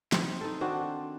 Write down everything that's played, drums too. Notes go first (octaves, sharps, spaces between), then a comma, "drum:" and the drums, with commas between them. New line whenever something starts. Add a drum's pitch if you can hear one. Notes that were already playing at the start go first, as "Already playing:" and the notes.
C4 D#4, drum: snare
D#4 A4
D#3 C4 D4 F#4